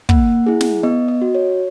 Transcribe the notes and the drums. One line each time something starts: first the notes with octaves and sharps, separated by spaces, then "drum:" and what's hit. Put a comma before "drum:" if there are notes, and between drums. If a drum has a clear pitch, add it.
A#3 F#5, drum: kick
E4 G#4
drum: snare
B3 D#5
D#5
F#4
C#5